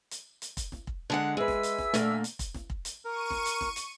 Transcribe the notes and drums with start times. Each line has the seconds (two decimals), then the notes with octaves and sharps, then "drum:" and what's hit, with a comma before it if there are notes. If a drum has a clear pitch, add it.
0.11 drum: hi-hat
0.42 drum: hi-hat
0.57 drum: kick, hi-hat
0.72 drum: snare
0.87 drum: kick
1.10 D3 G#3 F#5
1.37 G#3 G#4 B4 E5 G#5 E6
1.48 drum: snare
1.63 drum: hi-hat
1.78 drum: snare
1.94 A#2 D3 A3 A#3, drum: hi-hat
2.24 drum: hi-hat
2.39 drum: kick, hi-hat
2.54 drum: snare
2.70 drum: kick
2.85 drum: hi-hat
3.05 A#4 C#6 D#7
3.30 drum: snare
3.46 drum: hi-hat
3.61 drum: snare
3.76 drum: hi-hat